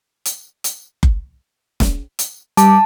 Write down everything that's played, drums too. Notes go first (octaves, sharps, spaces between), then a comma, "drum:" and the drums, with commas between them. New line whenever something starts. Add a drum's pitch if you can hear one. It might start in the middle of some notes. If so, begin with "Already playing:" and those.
drum: hi-hat
drum: hi-hat
drum: kick F#1
drum: snare
drum: hi-hat
G3 A5 D6, drum: hi-hat